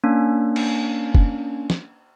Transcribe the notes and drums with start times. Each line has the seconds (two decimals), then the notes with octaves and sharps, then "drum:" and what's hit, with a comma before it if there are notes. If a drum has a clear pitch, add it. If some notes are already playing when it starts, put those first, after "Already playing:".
0.04 A#3 C#4 D4
0.56 drum: cymbal
1.15 drum: kick
1.70 drum: snare